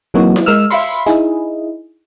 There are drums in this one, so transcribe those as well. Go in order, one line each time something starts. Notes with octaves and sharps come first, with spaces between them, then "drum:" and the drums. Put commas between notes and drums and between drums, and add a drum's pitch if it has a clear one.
E3 F#3 A#3 C4 D#4 F#4
drum: snare E4
G#3 A#4 E6 F6
E5 F5 B5 C6, drum: open hi-hat
D#4 E4 G#4, drum: hi-hat